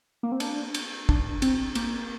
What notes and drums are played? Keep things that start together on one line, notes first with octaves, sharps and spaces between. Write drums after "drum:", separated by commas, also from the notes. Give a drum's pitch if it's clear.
A#3
C4
D4, drum: cymbal
drum: cymbal
D4, drum: kick
C4, drum: cymbal
A#3, drum: cymbal